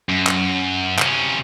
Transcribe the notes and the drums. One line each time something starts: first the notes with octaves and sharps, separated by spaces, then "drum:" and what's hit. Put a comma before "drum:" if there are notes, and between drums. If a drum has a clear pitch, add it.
F#2
drum: clap
C3 C#4, drum: clap